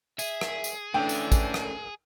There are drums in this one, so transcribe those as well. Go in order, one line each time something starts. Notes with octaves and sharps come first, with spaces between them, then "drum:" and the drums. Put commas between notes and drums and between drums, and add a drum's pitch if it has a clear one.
G#4 E5, drum: tambourine
drum: rim click
drum: tambourine
D3 E3 A3 C#4 D4 G5
drum: tambourine
drum: kick, tambourine
drum: rim click